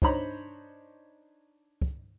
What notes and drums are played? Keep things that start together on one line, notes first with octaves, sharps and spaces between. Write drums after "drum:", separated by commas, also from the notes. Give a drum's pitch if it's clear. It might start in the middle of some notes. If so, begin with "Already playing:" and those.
D4 D#4 C5 C#5 A#5 B5, drum: kick
drum: kick